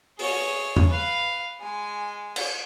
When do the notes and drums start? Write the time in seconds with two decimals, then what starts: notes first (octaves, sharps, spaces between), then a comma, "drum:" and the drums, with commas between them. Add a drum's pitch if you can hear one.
0.19 G#4 C#5, drum: open hi-hat
0.76 drum: tom E2
0.89 B4 F5
1.60 G#3 G#5
2.36 drum: cymbal